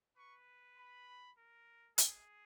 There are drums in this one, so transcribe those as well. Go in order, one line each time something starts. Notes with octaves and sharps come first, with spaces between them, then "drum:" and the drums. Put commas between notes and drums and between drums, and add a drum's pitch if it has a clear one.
B4 C#6
B5
A#4
G#4, drum: hi-hat